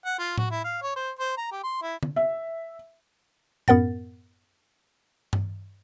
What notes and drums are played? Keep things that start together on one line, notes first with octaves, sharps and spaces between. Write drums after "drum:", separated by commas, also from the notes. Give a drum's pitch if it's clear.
F#5
F4
F#4, drum: tom A2
E4
F5
C#5
C5
C5
A#5
G4
C6
E4
drum: tom D3
E5
F#2 B3 A#4 F#5 A6, drum: tom A2
drum: tom G2